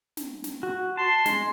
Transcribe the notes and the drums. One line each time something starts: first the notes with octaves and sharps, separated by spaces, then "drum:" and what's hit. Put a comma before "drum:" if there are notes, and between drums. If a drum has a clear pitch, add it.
drum: snare
drum: snare
F#4
A5 C6
G#3, drum: snare